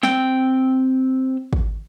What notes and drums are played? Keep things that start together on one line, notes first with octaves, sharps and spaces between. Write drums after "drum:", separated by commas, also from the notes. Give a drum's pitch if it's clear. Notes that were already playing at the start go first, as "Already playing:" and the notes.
C4 G5, drum: snare
drum: kick